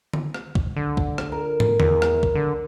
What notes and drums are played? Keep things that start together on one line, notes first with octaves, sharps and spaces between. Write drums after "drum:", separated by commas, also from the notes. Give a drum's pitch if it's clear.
drum: tom D3
drum: rim click
drum: kick
D3
drum: kick
drum: rim click
A#4
drum: tom
E2, drum: tom D3
drum: rim click
drum: kick
D3